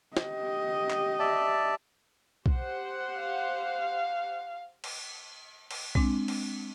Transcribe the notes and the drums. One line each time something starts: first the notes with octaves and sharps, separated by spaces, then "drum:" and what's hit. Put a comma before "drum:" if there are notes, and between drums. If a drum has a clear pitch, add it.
G4 D#5, drum: snare
drum: clap
D5 E5 A5
G4 C5 F#5, drum: kick B1
F5
drum: cymbal
drum: cymbal
G#3 C4 D4, drum: kick B1
drum: cymbal